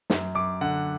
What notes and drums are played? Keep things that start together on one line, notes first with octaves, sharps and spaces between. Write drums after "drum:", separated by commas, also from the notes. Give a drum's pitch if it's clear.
F#2, drum: snare
F#2 D6
D3 F#5